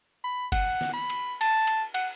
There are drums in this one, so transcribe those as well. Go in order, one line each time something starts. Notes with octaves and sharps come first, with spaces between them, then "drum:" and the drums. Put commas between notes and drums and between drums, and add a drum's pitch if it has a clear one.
B5
F#5, drum: kick G1, cymbal
drum: snare
B5
drum: cymbal
A5, drum: cymbal
drum: cymbal
F#5, drum: cymbal